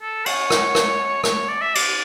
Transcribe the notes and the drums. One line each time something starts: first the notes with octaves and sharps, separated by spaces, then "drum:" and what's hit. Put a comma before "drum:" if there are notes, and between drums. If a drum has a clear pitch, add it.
A4
C#5, drum: cymbal
drum: rim click
drum: rim click
C#5, drum: rim click
D5
E5
D5, drum: cymbal